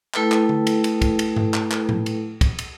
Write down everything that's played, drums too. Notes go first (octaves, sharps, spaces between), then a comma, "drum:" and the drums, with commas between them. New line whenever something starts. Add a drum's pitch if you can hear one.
A3 E4 A4 B4 G5, drum: clap
drum: clap
drum: tom D3
drum: cymbal
drum: cymbal
drum: kick, cymbal
drum: cymbal
drum: tom G#2
drum: clap
drum: clap
drum: tom A2
drum: cymbal
drum: kick, cymbal
drum: cymbal